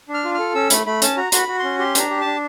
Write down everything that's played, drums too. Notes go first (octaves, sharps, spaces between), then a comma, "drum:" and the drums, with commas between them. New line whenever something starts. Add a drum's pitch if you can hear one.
D4
F6
F4
A4 F6
C#4 E6
A3 B5, drum: hi-hat
A3 B5
C#4 A5, drum: hi-hat
F#4 A#5
F#4 C6, drum: hi-hat
B5
F#4
C#4 C6
G4 C6
D4 A#5, drum: hi-hat
G4
D4 A5